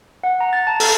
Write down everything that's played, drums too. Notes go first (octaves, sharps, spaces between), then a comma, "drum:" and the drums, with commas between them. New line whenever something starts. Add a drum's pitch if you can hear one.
F#5
A#5
A6
A5
A4, drum: open hi-hat